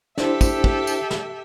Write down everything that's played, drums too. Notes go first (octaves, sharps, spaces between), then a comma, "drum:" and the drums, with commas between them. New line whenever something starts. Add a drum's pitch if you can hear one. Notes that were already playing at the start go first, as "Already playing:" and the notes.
D4 E4 G4 A4 C5 E5, drum: snare
drum: kick, tambourine
drum: kick
drum: tambourine
drum: snare